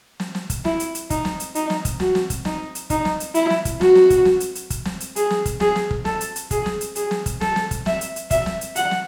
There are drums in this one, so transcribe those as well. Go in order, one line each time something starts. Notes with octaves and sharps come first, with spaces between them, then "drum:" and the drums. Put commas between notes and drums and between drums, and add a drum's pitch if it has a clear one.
drum: snare
drum: snare
drum: kick, hi-hat
E4, drum: snare
drum: hi-hat
drum: hi-hat
D#4, drum: kick, hi-hat
drum: snare
drum: hi-hat
D#4, drum: hi-hat
drum: snare
drum: kick, hi-hat
F#4, drum: snare
drum: snare
drum: kick, hi-hat
D#4, drum: snare
drum: hi-hat
D#4, drum: kick, hi-hat
drum: snare
drum: hi-hat
E4, drum: hi-hat
drum: snare
drum: kick, hi-hat
F#4, drum: snare
drum: snare
drum: kick, hi-hat
drum: snare
drum: hi-hat
drum: hi-hat
drum: kick, hi-hat
drum: snare
drum: hi-hat
G#4, drum: hi-hat
drum: snare
drum: kick, hi-hat
G#4, drum: snare
drum: snare
drum: kick
A4, drum: snare
drum: hi-hat
drum: hi-hat
G#4, drum: kick, hi-hat
drum: snare
drum: hi-hat
G#4, drum: hi-hat
drum: snare
drum: kick, hi-hat
A4, drum: snare
drum: snare
drum: kick, hi-hat
E5, drum: snare
drum: hi-hat
drum: hi-hat
E5, drum: kick, hi-hat
drum: snare
drum: hi-hat
F#5, drum: hi-hat
drum: snare